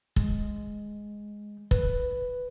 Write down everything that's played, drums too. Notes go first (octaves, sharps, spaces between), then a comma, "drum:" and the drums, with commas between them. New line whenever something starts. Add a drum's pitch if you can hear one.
G#3, drum: kick
B4, drum: kick